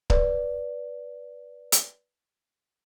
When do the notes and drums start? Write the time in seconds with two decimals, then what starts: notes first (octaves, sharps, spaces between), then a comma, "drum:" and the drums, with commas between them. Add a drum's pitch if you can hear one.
0.10 B4 D5, drum: kick C#1
1.72 drum: hi-hat